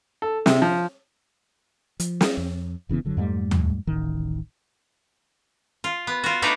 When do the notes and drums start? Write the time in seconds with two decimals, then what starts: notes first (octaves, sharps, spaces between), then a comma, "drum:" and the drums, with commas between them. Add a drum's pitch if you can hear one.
0.22 A4
0.46 C3, drum: snare
0.62 F3
2.00 F3, drum: hi-hat
2.21 drum: snare
2.37 F2
2.89 F1 C#3 E3 B3
3.05 F#1 D3 F#3
3.17 F2 G#2 G3 A3
3.51 drum: tom D#2
3.87 D1 A1 D#3
5.84 F4
6.07 B3
6.24 F4 F#4
6.42 A3 D4 D#4 B4 D5